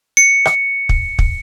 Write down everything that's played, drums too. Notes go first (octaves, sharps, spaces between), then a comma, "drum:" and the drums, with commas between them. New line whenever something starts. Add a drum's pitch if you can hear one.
C#7
drum: rim click
drum: kick
drum: kick